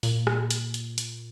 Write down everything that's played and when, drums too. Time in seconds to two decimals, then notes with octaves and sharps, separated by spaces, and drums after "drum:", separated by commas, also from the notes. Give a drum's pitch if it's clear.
0.03 A#2, drum: open hi-hat
0.27 drum: rim click
0.50 drum: hi-hat
0.74 drum: hi-hat
0.98 drum: hi-hat